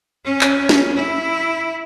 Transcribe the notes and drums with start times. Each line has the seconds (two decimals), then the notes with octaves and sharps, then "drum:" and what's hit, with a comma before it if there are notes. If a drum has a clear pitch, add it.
0.25 C#4
0.41 drum: clap
0.69 drum: snare
0.97 E4